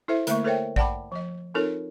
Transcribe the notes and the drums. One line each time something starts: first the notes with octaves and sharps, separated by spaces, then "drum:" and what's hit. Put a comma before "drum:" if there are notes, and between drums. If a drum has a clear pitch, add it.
E4 A4 C5 E5
D3 A3 A#3 A#4 E5 C#6, drum: hi-hat
A4 A#4 C5 C#5 E5 G5
D5 F#5 G5 A5 B5 D6, drum: kick A1
F3 D#5
C4 D#4 F4 A4 A#4 C#5